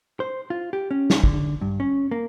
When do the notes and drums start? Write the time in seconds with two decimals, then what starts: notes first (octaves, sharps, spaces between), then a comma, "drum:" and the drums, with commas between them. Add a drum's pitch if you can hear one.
0.20 C5
0.50 F4
0.73 G4
0.91 C#4
1.10 drum: snare
1.24 D3, drum: kick
1.61 G2
1.80 C#4
2.11 A#3